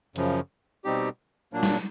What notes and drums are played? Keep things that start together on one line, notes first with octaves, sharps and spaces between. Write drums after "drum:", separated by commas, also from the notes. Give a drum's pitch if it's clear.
F#2 C#3 F3, drum: hi-hat
B2 G3 C4 D#4 G4
A#2 F#3 A#3 D4
drum: snare